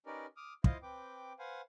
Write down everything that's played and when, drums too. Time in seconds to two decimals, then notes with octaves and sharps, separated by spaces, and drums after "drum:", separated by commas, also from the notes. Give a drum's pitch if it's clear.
0.06 C#4 D#4 G4 A#4 B4 D5
0.37 D6 D#6 F6
0.64 E4 F4 C5 D#5 F5, drum: kick
0.82 C4 B4 G5 D6
1.39 B4 C5 F5 F#5 G#5